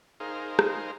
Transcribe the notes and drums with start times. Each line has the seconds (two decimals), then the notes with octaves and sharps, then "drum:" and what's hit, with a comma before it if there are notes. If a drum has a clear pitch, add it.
0.20 D#4 G#4 A#4 C5 F5
0.59 drum: rim click